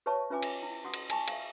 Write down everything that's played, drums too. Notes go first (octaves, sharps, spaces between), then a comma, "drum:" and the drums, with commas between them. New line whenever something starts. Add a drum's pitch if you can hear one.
G4 B4 C#5 E5 A5 C#6
C#4 F4 B4 E5 G#5 D6
drum: cymbal
E4
F#4 F#5 D#6
drum: cymbal
G#5 A5 C#6, drum: cymbal
E5 F5, drum: cymbal